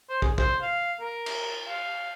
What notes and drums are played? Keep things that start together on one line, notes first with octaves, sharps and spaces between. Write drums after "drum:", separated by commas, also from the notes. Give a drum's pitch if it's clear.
C5
G#4, drum: kick
C5, drum: kick
F5
A#4
drum: cymbal
F5